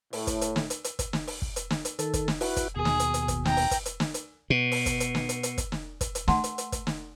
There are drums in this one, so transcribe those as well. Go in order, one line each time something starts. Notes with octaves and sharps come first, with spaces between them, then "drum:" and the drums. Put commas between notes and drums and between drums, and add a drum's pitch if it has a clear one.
A2, drum: open hi-hat
drum: kick, hi-hat
drum: hi-hat
drum: snare
drum: hi-hat
drum: hi-hat
drum: kick, hi-hat
drum: snare
drum: open hi-hat
drum: kick
drum: hi-hat
drum: snare
drum: hi-hat
D#3 A4, drum: hi-hat
drum: kick, hi-hat
drum: snare
E4 F#4 B4, drum: open hi-hat
drum: kick, hi-hat
D#2 B2 G#4
drum: snare
drum: hi-hat
drum: hi-hat
drum: kick, hi-hat
G5 A#5, drum: snare
drum: open hi-hat
drum: kick, hi-hat
drum: hi-hat
drum: snare
drum: hi-hat
B2
drum: open hi-hat
drum: kick, hi-hat
drum: hi-hat
drum: snare
drum: hi-hat
drum: hi-hat
drum: kick, hi-hat
drum: snare
drum: kick, hi-hat
drum: hi-hat
A3 F#5 A5 C6, drum: snare
drum: hi-hat
drum: hi-hat
drum: kick, hi-hat
drum: snare